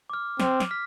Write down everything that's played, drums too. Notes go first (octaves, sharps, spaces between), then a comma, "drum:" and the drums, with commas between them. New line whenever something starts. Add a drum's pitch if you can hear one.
D6 F6
C4 D6, drum: snare
drum: snare
F6 B6